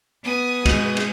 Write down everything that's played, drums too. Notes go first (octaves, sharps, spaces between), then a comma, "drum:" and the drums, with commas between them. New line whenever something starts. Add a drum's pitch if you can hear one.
B3 G#5 D#6
B2 G#3, drum: kick, cymbal
drum: cymbal